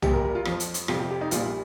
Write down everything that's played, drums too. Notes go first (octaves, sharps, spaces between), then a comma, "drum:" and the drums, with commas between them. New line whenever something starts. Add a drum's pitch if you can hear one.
A#1 A#2 G3 G4, drum: tom
A#4
A#4
F4
F2 F3, drum: rim click
drum: hi-hat
drum: hi-hat
F2 C3 G3 F4, drum: rim click
G4
G4
D#4
A#1 A#2 G3 F4, drum: hi-hat